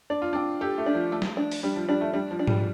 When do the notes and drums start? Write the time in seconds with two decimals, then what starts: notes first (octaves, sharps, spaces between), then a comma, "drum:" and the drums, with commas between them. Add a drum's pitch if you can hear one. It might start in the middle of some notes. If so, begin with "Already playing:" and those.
0.10 D4 D5
0.22 F4
0.33 C4 D4
0.61 G4 A4
0.78 A3
0.86 D4
0.95 F3
1.12 A3
1.22 drum: snare
1.37 D4
1.51 drum: open hi-hat
1.63 G3 D4
1.76 F3
1.89 G3 D4
2.01 A3
2.13 G3 D4
2.31 F3
2.39 D4
2.47 G3, drum: tom G#2